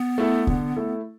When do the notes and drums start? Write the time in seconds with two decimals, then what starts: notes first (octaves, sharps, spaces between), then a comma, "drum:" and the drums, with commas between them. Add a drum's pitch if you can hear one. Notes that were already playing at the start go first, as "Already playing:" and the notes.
Already playing: B3
0.18 A3 E4 A4
0.47 D3, drum: kick
0.76 A3 E4 A4